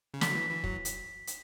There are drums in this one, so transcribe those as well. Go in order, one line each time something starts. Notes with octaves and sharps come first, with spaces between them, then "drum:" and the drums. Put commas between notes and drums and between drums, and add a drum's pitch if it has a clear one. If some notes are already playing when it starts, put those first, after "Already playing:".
C#3
D3 B6, drum: snare
F#3
E3
E3
F#3, drum: kick
drum: hi-hat
drum: hi-hat